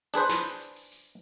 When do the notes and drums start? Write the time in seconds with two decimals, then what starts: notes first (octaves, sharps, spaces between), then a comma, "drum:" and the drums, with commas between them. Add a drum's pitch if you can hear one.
0.14 D4 G#4 B4 C5
0.29 drum: snare
0.45 drum: hi-hat
0.60 drum: hi-hat
0.76 drum: open hi-hat
0.92 drum: hi-hat